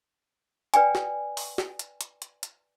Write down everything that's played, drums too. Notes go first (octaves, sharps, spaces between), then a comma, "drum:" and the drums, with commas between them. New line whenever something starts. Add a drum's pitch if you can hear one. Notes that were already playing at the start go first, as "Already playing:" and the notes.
B4 D5 G5 G#5, drum: hi-hat
drum: snare
drum: open hi-hat
drum: snare
drum: hi-hat
drum: hi-hat
drum: hi-hat
drum: hi-hat